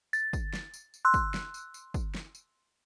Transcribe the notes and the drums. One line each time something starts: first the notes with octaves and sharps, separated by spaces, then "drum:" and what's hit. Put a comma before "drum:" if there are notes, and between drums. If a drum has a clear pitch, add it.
A6, drum: tambourine
drum: kick, tambourine
drum: snare
drum: tambourine
drum: tambourine
C6 E6 F#6
drum: kick, tambourine
drum: snare
drum: tambourine
drum: tambourine
drum: kick, tambourine
drum: snare
drum: tambourine